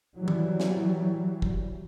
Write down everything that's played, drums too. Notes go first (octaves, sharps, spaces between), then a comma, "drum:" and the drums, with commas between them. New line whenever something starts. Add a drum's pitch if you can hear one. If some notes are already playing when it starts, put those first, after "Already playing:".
E3 F#3 G3
drum: tom D#3
drum: snare
drum: kick